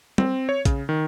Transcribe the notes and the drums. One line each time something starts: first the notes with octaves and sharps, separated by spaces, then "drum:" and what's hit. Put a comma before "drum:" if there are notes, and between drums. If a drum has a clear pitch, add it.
C4, drum: tom
C#5
C#3, drum: kick, hi-hat
D#3